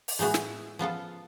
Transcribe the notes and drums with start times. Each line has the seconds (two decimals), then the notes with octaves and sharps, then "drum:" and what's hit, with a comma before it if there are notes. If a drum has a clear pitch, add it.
0.08 drum: open hi-hat
0.19 A2 G#3 B3 F#4
0.34 drum: snare
0.79 F3 B3 F4 A4